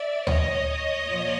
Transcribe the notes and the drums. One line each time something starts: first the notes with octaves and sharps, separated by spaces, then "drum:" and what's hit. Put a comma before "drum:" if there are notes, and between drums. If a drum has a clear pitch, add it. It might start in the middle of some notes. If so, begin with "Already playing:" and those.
Already playing: D5 E5
C#5 D#5, drum: tom D2
A#2 F3